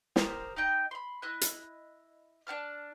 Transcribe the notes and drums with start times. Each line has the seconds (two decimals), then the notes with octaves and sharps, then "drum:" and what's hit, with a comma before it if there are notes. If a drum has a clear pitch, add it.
0.16 G4 A#4 C5 D#6, drum: snare
0.56 D#4 D#5 G5 G6
0.91 B5 C6
1.22 E4 D#5 F#6
1.41 drum: hi-hat
2.47 D4 G5 A5 F6